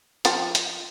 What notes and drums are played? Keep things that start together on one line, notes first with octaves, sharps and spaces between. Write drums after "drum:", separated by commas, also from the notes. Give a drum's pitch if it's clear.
F3 F4 G5, drum: hi-hat
drum: hi-hat